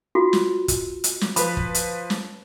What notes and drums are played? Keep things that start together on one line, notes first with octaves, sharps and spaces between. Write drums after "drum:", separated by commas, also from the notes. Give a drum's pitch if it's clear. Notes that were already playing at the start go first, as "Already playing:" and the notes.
F4 F#4
drum: snare
drum: kick, hi-hat
drum: hi-hat
drum: snare
F3 B4 B5, drum: hi-hat
drum: kick
drum: hi-hat
drum: snare